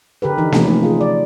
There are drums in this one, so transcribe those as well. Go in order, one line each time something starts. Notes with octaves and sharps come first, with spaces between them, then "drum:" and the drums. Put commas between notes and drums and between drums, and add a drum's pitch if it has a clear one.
D3 G4 A#4 B4
E3 D#4
C3 F3 A3 C#4, drum: snare A#3
A3 D#4
F4 G#4
D5